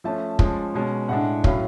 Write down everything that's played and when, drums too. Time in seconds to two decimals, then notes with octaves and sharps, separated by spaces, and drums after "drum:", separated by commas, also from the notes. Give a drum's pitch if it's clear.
0.04 F3 A3 C#4 A5
0.39 F3 G#3 C#4, drum: kick
0.74 B2 G#3 C#4
1.08 A2 G#3 D4 F#5
1.44 A2 F#3 C#4 F5, drum: kick